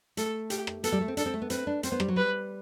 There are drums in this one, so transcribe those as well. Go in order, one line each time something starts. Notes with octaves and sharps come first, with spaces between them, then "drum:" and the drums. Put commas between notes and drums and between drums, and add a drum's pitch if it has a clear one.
A3 A4, drum: hi-hat
G4, drum: hi-hat
drum: rim click
B3 A4, drum: hi-hat
G3
A3
C4
D4 A4, drum: hi-hat
C4
A3
B3
C4 B4, drum: hi-hat
D4
C4 C5, drum: hi-hat
B3
G3, drum: rim click
F#3
G3 B4